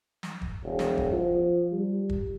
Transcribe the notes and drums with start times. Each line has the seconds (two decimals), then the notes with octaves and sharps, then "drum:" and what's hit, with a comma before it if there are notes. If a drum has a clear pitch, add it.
0.23 drum: snare
0.42 drum: kick
0.63 E1
0.79 drum: snare
0.98 drum: kick
1.13 F3
1.72 G3
2.09 drum: kick